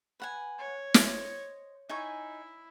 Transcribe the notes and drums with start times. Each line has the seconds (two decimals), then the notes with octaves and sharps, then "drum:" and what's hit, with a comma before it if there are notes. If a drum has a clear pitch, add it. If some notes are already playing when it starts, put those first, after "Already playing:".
0.20 B4 F#5 G#5
0.58 C#5
0.94 C5 D#5, drum: snare
1.89 D#4 E4 G#5 C#6